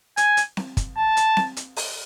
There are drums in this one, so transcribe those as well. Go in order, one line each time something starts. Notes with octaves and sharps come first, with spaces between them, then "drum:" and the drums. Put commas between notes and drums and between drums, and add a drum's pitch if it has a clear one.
G#5, drum: hi-hat
drum: hi-hat
drum: snare C4
drum: kick, hi-hat
A5
drum: hi-hat
drum: snare C4
drum: hi-hat
drum: open hi-hat